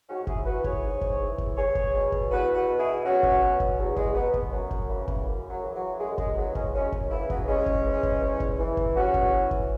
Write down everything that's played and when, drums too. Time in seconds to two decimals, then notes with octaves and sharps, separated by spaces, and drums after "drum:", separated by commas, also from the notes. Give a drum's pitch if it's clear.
0.08 G#2 C#4 F#4
0.27 E4 G#4, drum: kick F#1
0.46 E3 F#4 B4
0.64 G#4 C#5, drum: kick F#1
0.83 G#2
1.01 drum: kick F#1
1.20 E3
1.38 drum: kick F#1
1.57 E2 G#4 C#5
1.75 drum: kick F#1
1.94 B2
2.12 drum: kick F#1
2.30 E2 F#4 B4
2.55 F#4 B4
2.67 B2
2.79 E4 G#4
3.04 E2 C#4 F#4
3.23 drum: kick F#1
3.42 B2
3.60 drum: kick F#1
3.78 E2 F#3
3.96 G#3, drum: kick F#1
4.15 B2 F#3 B3
4.34 drum: kick F#1
4.52 F#2 F#3
4.71 drum: kick F#1
4.89 C#3 E3
5.08 drum: kick F#1
5.26 F#2
5.50 F#3
5.63 C#3 E3
5.75 F#3
5.99 F#2 G#3
6.18 G#3, drum: kick F#1
6.36 C#3 E3 F#3 B3
6.55 G#3 C#4, drum: kick F#1
6.74 F#2 G#3 C#4
6.92 drum: kick F#1
7.11 C#3 E3 B3 E4
7.30 F#3 B3, drum: kick F#1
7.47 E2 G#3 C#4
7.66 drum: kick F#1
7.85 E3
8.03 drum: kick F#1
8.21 E2
8.40 drum: kick F#1
8.59 E3
8.77 drum: kick F#1
8.95 E2 C#4 F#4
9.14 drum: kick F#1
9.33 E3
9.51 drum: kick F#1